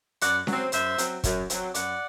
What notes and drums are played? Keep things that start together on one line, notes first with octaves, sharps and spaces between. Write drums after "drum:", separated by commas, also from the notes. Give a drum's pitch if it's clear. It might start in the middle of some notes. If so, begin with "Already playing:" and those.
F#2 D5 F#5, drum: hi-hat
F#3 C4, drum: snare C#4
F#2 C5 E5, drum: hi-hat
F#3 C4, drum: hi-hat
F#2, drum: kick, hi-hat
F#3 C4, drum: hi-hat
F#2 D5 F#5, drum: hi-hat